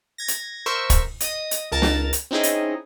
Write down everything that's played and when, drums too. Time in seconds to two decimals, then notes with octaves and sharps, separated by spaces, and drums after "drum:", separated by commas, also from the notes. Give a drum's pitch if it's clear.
0.18 G#6 A#6
0.28 drum: hi-hat
0.66 A#4 C5 E5 C#6 E6
0.90 drum: kick, hi-hat
1.20 D#5 D#6, drum: hi-hat
1.51 drum: hi-hat
1.72 C#2 A#4 A5 A#5 A6
1.82 drum: snare
2.13 drum: hi-hat
2.31 C4 C#4 D#4 E4 G#4 D#5
2.43 drum: hi-hat